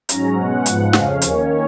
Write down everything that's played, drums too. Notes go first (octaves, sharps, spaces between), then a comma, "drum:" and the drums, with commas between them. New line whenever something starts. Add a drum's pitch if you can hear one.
G#2 F#3 C#4 A#5, drum: hi-hat
B2 G#3 C#4 F#5
G#2 F3 B3 F#5, drum: hi-hat
F2 C#3 F3 G#3 C#4 F5, drum: snare
D#2 D#3 A#3 C#4 C#5, drum: hi-hat